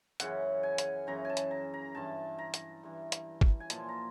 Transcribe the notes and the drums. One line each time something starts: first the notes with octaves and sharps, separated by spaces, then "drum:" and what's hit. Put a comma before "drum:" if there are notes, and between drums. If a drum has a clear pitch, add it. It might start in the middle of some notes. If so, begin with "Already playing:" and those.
F#2 C#3 E3 F#5, drum: hi-hat
G#5
drum: hi-hat
F#2 C#3 E3 A#5
G#5 A5
drum: hi-hat
A#5
A#5
G2 E3 A5
A#5
drum: hi-hat
G2 E3
drum: hi-hat
drum: kick
G#5
A#2 F3 A5, drum: hi-hat
A#5